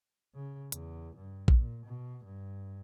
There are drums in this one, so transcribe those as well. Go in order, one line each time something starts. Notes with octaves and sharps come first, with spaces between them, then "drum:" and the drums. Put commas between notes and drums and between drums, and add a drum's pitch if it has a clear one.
C#3
E2, drum: hi-hat
G2
drum: kick A#1
A#2
B2
G2